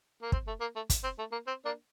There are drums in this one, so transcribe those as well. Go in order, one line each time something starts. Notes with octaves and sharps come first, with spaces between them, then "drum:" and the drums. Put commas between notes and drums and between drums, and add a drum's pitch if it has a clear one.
A#3
C4, drum: kick
A3
A#3
A3
drum: kick, hi-hat
C4
A3
A#3
C4
A#3 D4